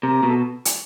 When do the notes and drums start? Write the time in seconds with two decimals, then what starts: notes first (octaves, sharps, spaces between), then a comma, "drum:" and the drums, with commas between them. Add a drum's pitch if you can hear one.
0.03 C3 A#4
0.23 B2
0.29 A4
0.65 drum: hi-hat